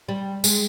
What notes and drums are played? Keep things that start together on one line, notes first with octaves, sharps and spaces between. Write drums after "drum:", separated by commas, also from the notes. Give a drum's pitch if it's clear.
G3
G#3, drum: tambourine